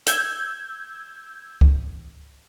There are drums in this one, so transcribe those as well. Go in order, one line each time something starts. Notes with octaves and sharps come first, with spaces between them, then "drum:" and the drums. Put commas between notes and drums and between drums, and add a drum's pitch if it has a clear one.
E6 G6 G#6, drum: hi-hat
drum: kick C#2